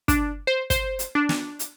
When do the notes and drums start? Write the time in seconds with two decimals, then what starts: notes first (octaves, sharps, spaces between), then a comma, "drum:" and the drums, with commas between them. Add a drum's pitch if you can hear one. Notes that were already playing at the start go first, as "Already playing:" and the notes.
0.08 D4, drum: kick, hi-hat
0.47 C5
0.70 C5, drum: kick, hi-hat
0.99 drum: hi-hat
1.15 D4
1.29 drum: snare
1.59 drum: hi-hat